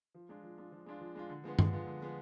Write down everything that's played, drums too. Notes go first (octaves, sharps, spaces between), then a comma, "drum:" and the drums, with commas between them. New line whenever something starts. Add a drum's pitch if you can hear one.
F3
G#3 D4 F4
F3
G#3 D4 F4
F3
G#3 D4 F4
F3
G#3 D4 F4
D3
F3 G#3 B3 F4
D3, drum: tom G2
F3 G#3 B3 F4
D3
F3 G#3 B3 F4